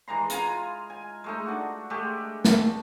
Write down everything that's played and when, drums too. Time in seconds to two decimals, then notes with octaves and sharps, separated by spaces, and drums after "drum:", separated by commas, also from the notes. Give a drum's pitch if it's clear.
0.08 E3 G#3 A#5 C6
0.30 F4 G#5 A#5, drum: hi-hat
0.90 G#5
1.24 G#3 A3 D#4
1.46 D4 F#4
1.90 G#3 A3 G4
2.44 drum: snare